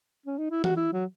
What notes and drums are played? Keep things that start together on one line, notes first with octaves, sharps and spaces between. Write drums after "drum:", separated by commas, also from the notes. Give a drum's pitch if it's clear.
C#4
D#4
E4
F#4, drum: tom E3
E4
F#3